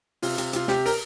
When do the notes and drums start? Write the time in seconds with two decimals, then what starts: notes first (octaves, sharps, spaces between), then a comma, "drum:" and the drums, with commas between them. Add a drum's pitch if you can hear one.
0.22 C3 F4, drum: open hi-hat
0.38 C3, drum: hi-hat
0.53 C3 F4, drum: hi-hat
0.68 C3 G4, drum: snare
0.86 A#4, drum: open hi-hat